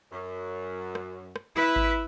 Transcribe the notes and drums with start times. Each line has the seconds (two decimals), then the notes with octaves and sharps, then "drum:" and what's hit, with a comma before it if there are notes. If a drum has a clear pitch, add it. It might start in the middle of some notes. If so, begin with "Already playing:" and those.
0.12 F#2
0.95 drum: rim click
1.36 drum: rim click
1.56 E4 B4 E5
1.76 drum: kick G#1